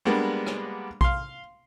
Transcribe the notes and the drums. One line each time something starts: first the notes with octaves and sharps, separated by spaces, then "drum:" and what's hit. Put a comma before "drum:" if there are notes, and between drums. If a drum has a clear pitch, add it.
G3 G#3 A#3 B3 D4
drum: rim click
F5 C6, drum: kick A#1